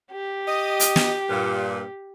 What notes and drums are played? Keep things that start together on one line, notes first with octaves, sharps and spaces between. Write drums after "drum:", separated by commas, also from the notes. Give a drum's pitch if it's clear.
G4
D#5
drum: hi-hat
drum: snare
G2 A#2